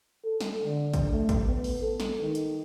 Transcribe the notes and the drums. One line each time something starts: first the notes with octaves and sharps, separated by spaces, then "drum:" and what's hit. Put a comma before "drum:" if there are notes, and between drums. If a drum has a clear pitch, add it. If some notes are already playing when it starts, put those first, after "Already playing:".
A4
drum: snare
D3
drum: kick, hi-hat
A3
drum: kick, hi-hat
B3
drum: open hi-hat
A4
drum: snare
D#3
drum: hi-hat